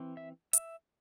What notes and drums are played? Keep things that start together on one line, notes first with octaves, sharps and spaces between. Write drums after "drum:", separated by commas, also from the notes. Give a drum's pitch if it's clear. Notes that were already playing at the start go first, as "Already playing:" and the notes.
Already playing: E3 C4
E5
E5, drum: hi-hat